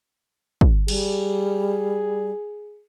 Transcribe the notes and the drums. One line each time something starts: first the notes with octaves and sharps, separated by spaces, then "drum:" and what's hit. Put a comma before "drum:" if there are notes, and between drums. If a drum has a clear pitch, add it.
drum: kick
G3 G#4, drum: cymbal